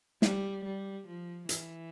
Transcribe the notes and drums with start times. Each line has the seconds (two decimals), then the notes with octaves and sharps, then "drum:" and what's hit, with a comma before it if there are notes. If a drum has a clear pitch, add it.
0.22 G3, drum: snare
0.65 G3
1.07 F3
1.49 E3, drum: hi-hat